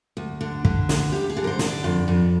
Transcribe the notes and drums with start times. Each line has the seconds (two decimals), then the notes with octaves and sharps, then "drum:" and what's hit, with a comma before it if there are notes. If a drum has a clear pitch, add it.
0.17 D2
0.41 D3
0.65 D3, drum: kick
0.89 D2, drum: snare
1.12 D2 G4
1.29 G#4
1.37 D3
1.44 A#4
1.47 C5
1.59 D3, drum: snare
1.66 D5
1.84 F2
2.08 F2